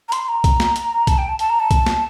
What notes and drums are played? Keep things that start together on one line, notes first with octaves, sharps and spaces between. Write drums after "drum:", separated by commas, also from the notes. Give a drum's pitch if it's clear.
A#5
C6, drum: hi-hat
A#5
drum: kick B1, hi-hat
drum: snare
drum: hi-hat
A5, drum: kick B1, hi-hat
G5
A5
A5, drum: hi-hat
A#5
A5
drum: kick B1, hi-hat
drum: snare